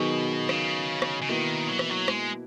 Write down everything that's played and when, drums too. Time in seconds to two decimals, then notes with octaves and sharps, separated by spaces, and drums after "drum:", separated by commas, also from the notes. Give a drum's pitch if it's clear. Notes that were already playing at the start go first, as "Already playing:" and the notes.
Already playing: B2 D#3 F#3 B3 D#4 G#4
0.49 C#3, drum: rim click
1.02 drum: rim click
1.22 C#3
1.29 B2 D#3 A#3 E4 B4
1.68 F#3
1.79 E3, drum: rim click
1.91 F#3
2.08 G#3, drum: rim click